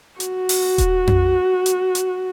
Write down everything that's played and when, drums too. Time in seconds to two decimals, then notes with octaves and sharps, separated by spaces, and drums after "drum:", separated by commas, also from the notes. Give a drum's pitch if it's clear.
0.20 F#4, drum: hi-hat
0.49 drum: open hi-hat
0.78 drum: kick D#1, hi-hat
1.07 drum: tom F2
1.66 drum: hi-hat
1.95 drum: hi-hat